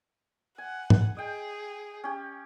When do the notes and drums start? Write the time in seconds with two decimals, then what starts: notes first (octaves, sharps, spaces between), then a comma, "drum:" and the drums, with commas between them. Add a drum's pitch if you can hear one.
0.58 F#5 G#5
0.90 drum: tom G#2
1.17 G#4 D#5 G5
2.04 C#4 G4